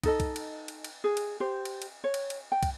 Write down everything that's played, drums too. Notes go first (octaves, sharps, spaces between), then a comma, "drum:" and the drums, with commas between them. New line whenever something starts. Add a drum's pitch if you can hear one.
D#4 A4 D#5, drum: kick, cymbal
drum: kick, cymbal
drum: cymbal
drum: cymbal
drum: cymbal
G#4
drum: cymbal
G4 C5
drum: cymbal
drum: cymbal
C#5
drum: cymbal
drum: cymbal
G5
drum: kick, cymbal